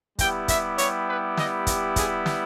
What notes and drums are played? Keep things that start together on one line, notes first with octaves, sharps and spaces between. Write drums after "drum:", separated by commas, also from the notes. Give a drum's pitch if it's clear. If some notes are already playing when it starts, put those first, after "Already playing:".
G3 B3 E4 G4 G5, drum: kick, hi-hat
E5, drum: kick, hi-hat
C#5, drum: hi-hat
B4
D#5, drum: snare
drum: kick, hi-hat
G#4, drum: kick, hi-hat
drum: snare